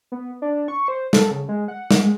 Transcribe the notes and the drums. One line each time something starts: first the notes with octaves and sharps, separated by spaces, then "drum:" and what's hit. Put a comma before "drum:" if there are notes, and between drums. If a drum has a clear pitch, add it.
B3
D4
C#6
C5
A4, drum: snare
C#3
G#3
F#5
drum: snare
G#3